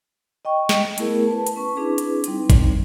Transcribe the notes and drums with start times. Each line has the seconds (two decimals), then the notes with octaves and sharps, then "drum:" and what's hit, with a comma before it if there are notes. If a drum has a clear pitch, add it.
0.45 D#5 G5 C#6
0.69 drum: snare
0.98 A3 B3 E4 G#4 A#4, drum: hi-hat
1.27 B4 A5
1.47 drum: hi-hat
1.56 C#4 B4 C#6
1.77 C4 D4 E4 G#4 B4
1.98 drum: hi-hat
2.24 G3 C4 D#4, drum: hi-hat
2.50 drum: kick, hi-hat